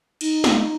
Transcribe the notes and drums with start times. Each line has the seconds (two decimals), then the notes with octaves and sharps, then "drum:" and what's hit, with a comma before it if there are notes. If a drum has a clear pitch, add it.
0.21 D#4, drum: cymbal
0.44 drum: snare